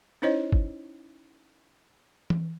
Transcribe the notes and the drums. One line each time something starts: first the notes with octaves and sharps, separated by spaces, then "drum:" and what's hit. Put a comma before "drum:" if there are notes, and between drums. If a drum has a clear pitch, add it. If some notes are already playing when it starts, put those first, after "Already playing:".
C#4 D#4 E4 C5 C#5 D#5
drum: kick
drum: tom E3